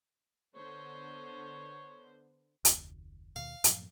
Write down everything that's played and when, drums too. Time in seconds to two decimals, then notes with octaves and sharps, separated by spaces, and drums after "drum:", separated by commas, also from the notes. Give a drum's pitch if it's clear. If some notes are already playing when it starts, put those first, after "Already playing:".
0.55 D3 B3 C5 C#5
2.65 F1 D2, drum: hi-hat
3.36 D#2 B2 F5
3.64 F#2 A2 F3, drum: hi-hat